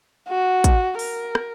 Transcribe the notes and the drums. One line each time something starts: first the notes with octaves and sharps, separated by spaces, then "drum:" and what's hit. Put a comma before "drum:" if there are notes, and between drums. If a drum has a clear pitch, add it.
F#4
drum: kick, hi-hat
A#4, drum: open hi-hat
drum: rim click